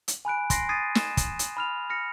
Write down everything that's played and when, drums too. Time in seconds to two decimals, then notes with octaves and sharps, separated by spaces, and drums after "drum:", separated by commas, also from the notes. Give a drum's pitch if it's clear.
0.08 drum: hi-hat
0.25 G#5 B5 F#6 D7
0.50 C6 A#6 C7 D7, drum: kick, hi-hat
0.69 D#6 G#6 A6 C7 D#7
0.95 E7, drum: snare
1.17 drum: kick, hi-hat
1.39 drum: hi-hat
1.57 B5 F6 F7
1.90 F6 A#6 C#7